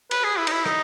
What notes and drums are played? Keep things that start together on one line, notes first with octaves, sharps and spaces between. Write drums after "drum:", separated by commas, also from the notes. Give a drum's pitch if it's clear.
B4, drum: cymbal
G#4
E4
D#4, drum: cymbal
E4
D#4, drum: rim click